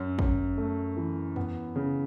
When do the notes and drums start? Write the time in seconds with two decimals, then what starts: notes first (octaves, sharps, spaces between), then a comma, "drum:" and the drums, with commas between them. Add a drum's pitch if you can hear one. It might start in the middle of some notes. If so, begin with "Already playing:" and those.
Already playing: F#2
0.19 F#2, drum: kick
0.58 A3
0.97 E3
1.36 B3, drum: tom E2
1.76 C#3